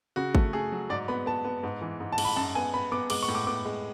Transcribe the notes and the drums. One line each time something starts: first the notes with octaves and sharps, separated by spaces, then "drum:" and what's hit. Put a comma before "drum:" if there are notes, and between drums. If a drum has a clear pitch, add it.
C#3 F#4
A3, drum: kick
A3 G#4
F#3
G#2 D5
B3 B5
B3 A5
B3
G#2
E3
G#2
A5
G#2, drum: cymbal
B5
F#2 A5
B3 G#5
B3 B5
B3 D6
G#3 D6, drum: cymbal
C#6
A2
D6
B3 D6
G#3